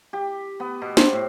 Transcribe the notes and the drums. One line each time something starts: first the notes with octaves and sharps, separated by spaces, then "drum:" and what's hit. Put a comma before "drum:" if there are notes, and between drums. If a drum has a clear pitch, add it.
G4
B3
B2
C5, drum: snare
A2